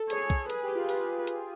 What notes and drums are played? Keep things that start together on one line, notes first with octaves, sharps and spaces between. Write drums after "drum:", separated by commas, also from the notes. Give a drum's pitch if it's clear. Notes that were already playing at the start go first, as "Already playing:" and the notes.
Already playing: A4
G#4 C#5, drum: hi-hat
drum: kick
G#4 B4, drum: hi-hat
G4
F4
G4 B4, drum: open hi-hat
drum: hi-hat